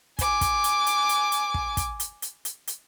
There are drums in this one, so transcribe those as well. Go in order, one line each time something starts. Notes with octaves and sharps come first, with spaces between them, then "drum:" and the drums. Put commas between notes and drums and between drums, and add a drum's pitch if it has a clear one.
G#5 D6, drum: kick, hi-hat
drum: kick, hi-hat
drum: hi-hat
drum: hi-hat
drum: hi-hat
drum: hi-hat
drum: kick
drum: kick, hi-hat
drum: hi-hat
drum: hi-hat
drum: hi-hat
drum: hi-hat